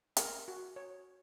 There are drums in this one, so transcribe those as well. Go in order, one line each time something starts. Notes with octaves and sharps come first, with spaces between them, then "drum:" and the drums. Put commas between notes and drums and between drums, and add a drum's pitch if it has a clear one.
A#4, drum: hi-hat
F#4
C#5